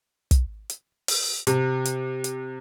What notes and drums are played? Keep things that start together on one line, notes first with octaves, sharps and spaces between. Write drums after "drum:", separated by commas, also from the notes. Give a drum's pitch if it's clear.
drum: kick, hi-hat
drum: hi-hat
drum: open hi-hat
C3, drum: hi-hat
drum: hi-hat
drum: hi-hat